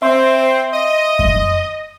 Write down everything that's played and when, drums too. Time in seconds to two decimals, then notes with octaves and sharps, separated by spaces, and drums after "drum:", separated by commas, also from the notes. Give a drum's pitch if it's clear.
0.02 C4 E5 C6
0.73 D#5
1.19 drum: kick F#2